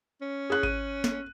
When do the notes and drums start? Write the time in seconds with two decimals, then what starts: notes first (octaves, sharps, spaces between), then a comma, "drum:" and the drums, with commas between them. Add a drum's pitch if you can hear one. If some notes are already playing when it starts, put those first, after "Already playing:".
0.22 C#4
0.50 G#4 F#6
0.63 D#7, drum: kick G#1
1.04 drum: snare